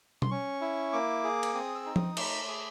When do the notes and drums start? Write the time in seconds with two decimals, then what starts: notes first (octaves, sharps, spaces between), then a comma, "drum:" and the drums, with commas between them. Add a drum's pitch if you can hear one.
0.22 C6, drum: tom
0.31 C#4 C#6
0.61 E4
0.93 A#3 D6
1.24 G#4
1.43 drum: cymbal
1.54 C4 D#6
1.75 E6
1.86 D#4
1.96 D#6, drum: tom F3
2.17 A3 D6, drum: cymbal
2.48 G#4